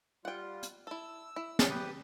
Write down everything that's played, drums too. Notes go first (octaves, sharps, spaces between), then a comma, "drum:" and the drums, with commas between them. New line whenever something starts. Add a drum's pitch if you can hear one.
G3 F4 F#5 G5
drum: hi-hat
E4 A4 E6
E4
drum: snare
G4 B4 D#6